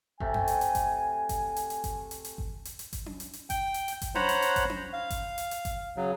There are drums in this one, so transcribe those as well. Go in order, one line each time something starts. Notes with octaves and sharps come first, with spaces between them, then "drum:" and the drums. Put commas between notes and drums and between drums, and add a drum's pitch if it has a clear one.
C3 A3 G#5, drum: kick G1
drum: tom F2
drum: hi-hat
drum: hi-hat
drum: kick G1, hi-hat
drum: kick G1, hi-hat
drum: hi-hat
drum: hi-hat
drum: kick G1, hi-hat
drum: hi-hat
drum: hi-hat
drum: kick G1
drum: hi-hat
drum: hi-hat
drum: kick G1, hi-hat
drum: tom C#4
drum: hi-hat
drum: hi-hat
G5, drum: kick G1, hi-hat
drum: hi-hat
drum: hi-hat
drum: kick G1, hi-hat
C5 C#5 F#5 A#5 B5, drum: tom C#4
drum: hi-hat
drum: hi-hat
drum: kick G1, hi-hat
drum: tom C#4
F5
drum: kick G1, hi-hat
drum: hi-hat
drum: hi-hat
drum: kick G1, hi-hat
C#3 F#3